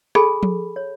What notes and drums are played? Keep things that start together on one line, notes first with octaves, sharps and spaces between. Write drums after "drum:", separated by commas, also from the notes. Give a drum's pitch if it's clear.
G#4 A4 G#5 B5, drum: rim click
drum: tom F3
C#5